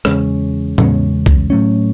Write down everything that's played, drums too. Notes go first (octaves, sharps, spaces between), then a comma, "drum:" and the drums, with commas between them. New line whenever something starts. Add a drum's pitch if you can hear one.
E2 C#3 G#3 C#4, drum: rim click
E2 C#3 G#3 C#4, drum: tom
drum: kick
A2 F#3 A3 C#4